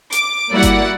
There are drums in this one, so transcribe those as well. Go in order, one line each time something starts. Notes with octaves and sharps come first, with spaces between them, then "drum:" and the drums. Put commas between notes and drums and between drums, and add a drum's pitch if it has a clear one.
D6, drum: hi-hat
G3 A#3 E4 F#4 D5 F#5
drum: kick G1, hi-hat